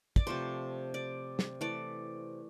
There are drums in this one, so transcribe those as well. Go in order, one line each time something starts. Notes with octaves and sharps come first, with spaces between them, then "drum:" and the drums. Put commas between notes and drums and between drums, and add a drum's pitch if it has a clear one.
D5, drum: kick
C3 F3 A3 C5
D5
drum: snare
E3 A3 D5